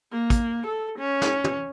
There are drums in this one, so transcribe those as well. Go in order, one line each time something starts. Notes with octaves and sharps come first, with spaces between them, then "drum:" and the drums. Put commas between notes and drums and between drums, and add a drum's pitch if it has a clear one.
A#3
drum: kick, hi-hat
A4
C#4
drum: snare
drum: tom